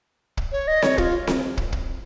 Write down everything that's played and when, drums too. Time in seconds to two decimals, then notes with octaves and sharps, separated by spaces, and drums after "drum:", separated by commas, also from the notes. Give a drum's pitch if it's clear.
0.37 drum: kick
0.52 C#5
0.67 D#5
0.82 C#5, drum: snare C4
0.98 F4, drum: kick
1.27 drum: snare C4
1.57 drum: kick
1.72 drum: kick